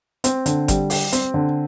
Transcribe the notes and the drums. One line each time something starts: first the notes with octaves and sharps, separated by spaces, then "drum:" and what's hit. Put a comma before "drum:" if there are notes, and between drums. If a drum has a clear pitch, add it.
C4, drum: hi-hat
D3, drum: hi-hat
G3, drum: kick G1, hi-hat
G4, drum: open hi-hat
C4, drum: hi-hat
D3